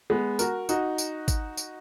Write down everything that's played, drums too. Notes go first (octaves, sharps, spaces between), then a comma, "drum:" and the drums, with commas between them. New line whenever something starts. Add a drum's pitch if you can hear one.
G#3 B3
F#4 A#4, drum: tambourine
D#4 F#4, drum: tambourine
drum: tambourine
drum: kick, tambourine
drum: tambourine